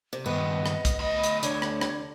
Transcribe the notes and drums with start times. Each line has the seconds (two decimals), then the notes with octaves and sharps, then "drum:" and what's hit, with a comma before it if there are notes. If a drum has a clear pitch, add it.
0.13 C3
0.26 G2 D#3 B3 D#5
0.66 drum: rim click
0.85 drum: kick, hi-hat
1.01 D2 D#5 B5
1.24 drum: hi-hat
1.43 D3 C#5, drum: hi-hat
1.62 drum: rim click
1.81 drum: rim click